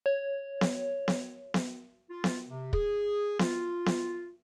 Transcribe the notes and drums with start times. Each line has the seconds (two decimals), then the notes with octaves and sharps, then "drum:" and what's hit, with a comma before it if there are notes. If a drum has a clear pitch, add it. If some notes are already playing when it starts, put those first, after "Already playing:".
0.06 C#5
0.61 drum: snare B3
1.08 drum: snare B3
1.54 drum: snare B3
2.10 F4
2.24 drum: snare B3
2.47 C3
2.73 G#4, drum: kick
3.39 F4, drum: snare B3
3.86 drum: snare B3